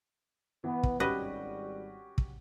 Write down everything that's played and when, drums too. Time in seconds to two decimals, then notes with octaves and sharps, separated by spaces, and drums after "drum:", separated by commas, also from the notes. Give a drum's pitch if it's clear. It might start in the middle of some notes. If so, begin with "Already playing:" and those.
0.64 E3 B3
0.83 drum: kick
1.00 G#1 G3 C#4 F#4 G4 B4 D#5
2.18 drum: kick